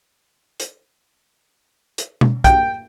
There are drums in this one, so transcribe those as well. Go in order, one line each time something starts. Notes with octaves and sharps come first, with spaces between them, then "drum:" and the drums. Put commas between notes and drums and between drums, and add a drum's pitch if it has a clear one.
drum: hi-hat
drum: hi-hat
drum: tom B2
G5, drum: kick, hi-hat